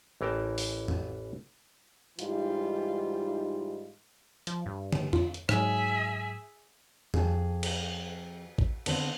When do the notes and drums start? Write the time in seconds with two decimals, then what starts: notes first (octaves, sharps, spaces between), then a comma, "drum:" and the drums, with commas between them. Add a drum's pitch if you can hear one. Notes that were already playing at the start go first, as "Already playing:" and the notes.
0.21 A1 E3 A#4 G5 A5
0.58 drum: open hi-hat
0.88 drum: tom F2
2.19 G#2 E3 G3 D#4 F4, drum: hi-hat
4.47 F3, drum: hi-hat
4.66 G2
4.93 drum: tom
5.13 F4, drum: tom F2
5.34 drum: hi-hat
5.49 G#2 F#3 G#4 E5, drum: rim click
7.14 F2 G#4, drum: tom F2
7.63 drum: cymbal
8.58 drum: kick
8.86 D3 B3 C4, drum: cymbal